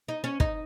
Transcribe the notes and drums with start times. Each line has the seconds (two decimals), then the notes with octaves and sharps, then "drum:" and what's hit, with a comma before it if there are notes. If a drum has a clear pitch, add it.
0.08 D#4
0.24 C#4
0.40 D#4, drum: kick